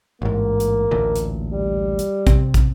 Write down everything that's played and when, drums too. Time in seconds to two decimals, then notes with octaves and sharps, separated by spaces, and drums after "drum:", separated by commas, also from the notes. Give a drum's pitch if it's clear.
0.22 A1 G#2 A#3
0.60 drum: hi-hat
0.91 A1 D2 A#2
1.16 drum: hi-hat
1.51 G3
1.99 drum: hi-hat
2.27 C3 C4, drum: kick, hi-hat
2.54 drum: kick, hi-hat